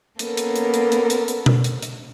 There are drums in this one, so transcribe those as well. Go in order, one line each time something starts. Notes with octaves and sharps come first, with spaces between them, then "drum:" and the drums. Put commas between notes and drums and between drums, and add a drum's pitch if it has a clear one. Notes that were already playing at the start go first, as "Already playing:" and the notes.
A#3 B3 C#4 A4 A#4, drum: hi-hat
drum: hi-hat
drum: hi-hat
drum: hi-hat
drum: hi-hat
drum: hi-hat
drum: hi-hat
drum: tom B2
drum: hi-hat
drum: hi-hat